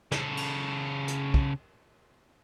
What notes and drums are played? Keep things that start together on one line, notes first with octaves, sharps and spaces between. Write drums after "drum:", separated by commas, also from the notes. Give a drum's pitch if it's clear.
C#3 A4, drum: snare
drum: cymbal
drum: hi-hat
drum: kick